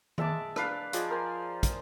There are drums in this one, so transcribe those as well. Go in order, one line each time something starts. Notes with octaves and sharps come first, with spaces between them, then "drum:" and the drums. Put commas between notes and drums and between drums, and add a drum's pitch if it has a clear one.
G#3 E5 A5 D6, drum: tom D#3
D4 B4 F5, drum: rim click
F3 G#4 D5 D#5, drum: hi-hat
A#4 C5 G#5
drum: kick, hi-hat